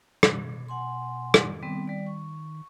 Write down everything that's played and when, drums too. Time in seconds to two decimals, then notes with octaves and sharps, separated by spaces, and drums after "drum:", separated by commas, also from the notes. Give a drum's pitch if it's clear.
0.23 B2, drum: rim click
0.68 F#5 G#5 C6
1.34 drum: rim click
1.63 D#3 G3 B3 C4
1.87 G3 D5
2.07 C#6